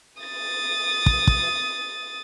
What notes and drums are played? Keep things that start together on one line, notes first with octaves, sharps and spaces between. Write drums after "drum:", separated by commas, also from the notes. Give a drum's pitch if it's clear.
D#6 A6
drum: kick
drum: kick